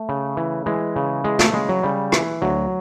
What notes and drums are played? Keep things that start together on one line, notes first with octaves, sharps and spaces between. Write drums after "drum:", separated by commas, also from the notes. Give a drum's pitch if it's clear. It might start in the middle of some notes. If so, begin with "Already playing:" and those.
Already playing: A3
C#3
E3
E3 G#3
C#3
E3 G#3
A3, drum: snare
C#3 G#3
F#3
C#3 G3
E3, drum: rim click
D2 F#3